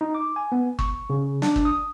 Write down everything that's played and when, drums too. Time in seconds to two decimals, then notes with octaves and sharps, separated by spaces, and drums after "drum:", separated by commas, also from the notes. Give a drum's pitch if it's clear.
0.01 D#4
0.15 D6
0.36 G#5
0.52 B3
0.79 C#6, drum: kick
1.10 C#3
1.42 D4, drum: snare
1.56 drum: kick
1.65 D#6